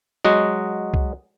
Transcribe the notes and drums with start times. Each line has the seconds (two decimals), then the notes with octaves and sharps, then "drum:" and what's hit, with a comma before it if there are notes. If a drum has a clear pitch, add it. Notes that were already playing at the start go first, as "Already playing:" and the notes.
0.25 F#3 G#3 F#4 D#5
0.94 drum: kick C2